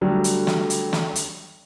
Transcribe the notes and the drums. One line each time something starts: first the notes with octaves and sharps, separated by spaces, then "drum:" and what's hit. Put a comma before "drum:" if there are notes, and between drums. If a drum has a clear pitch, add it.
D3 F#3 G3 A3
drum: hi-hat
drum: snare
drum: hi-hat
drum: snare
drum: hi-hat